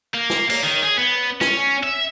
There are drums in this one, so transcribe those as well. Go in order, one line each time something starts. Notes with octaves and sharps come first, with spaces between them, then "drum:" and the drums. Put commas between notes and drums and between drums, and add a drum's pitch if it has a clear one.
A#3
drum: snare
A#3, drum: cymbal
D#3
G#4
B3
C#4, drum: snare
E5